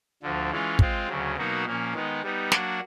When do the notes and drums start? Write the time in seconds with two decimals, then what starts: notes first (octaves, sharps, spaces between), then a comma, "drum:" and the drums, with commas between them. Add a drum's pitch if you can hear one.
0.22 D2 D3 F3
0.51 E3 G#3 C#4 F4
0.79 G#3 C4 F4, drum: kick
1.08 D2 C#3 F#3
1.37 B2 F#3 A#3 D#4 F#4
1.66 A#2 F3 A#3 C#4
1.93 D#3 G#3 B3 D#4
2.23 G3 B3 D#4
2.52 F#3 A#3 D4 F#4, drum: snare